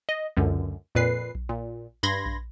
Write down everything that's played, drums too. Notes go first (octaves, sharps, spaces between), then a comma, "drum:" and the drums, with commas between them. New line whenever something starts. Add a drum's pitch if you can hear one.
D#5
C#2 F#2 D3
F2 A#2 B4 C7
drum: kick A#1
A#2
G2 B5 C6 G#6 A#6
drum: kick A#1